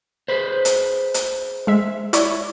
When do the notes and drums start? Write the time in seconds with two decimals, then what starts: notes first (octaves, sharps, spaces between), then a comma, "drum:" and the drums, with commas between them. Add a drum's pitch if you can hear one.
0.28 G#4 B4 C5
0.65 drum: hi-hat
1.14 drum: hi-hat
1.67 G#3 E5
2.13 E4 C#5 D5, drum: hi-hat